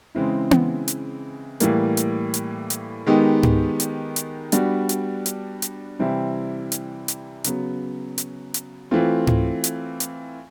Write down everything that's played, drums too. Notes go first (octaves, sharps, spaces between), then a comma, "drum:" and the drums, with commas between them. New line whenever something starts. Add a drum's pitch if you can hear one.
C#3 E3 G#3 C4 E4
drum: tom B3
drum: hi-hat
A2 E3 G3 A#3, drum: hi-hat
drum: hi-hat
drum: hi-hat
drum: hi-hat
D#3 G#3 B3 D#4 G4
drum: tom G#2
drum: hi-hat
drum: hi-hat
G3 B3 D4 F#4, drum: hi-hat
drum: hi-hat
drum: hi-hat
drum: hi-hat
C3 E3 G3 C4 E4
drum: hi-hat
drum: hi-hat
C#3 F#3 B3, drum: hi-hat
drum: hi-hat
drum: hi-hat
E3 A3 C4 F4
drum: tom G#2
drum: hi-hat
drum: hi-hat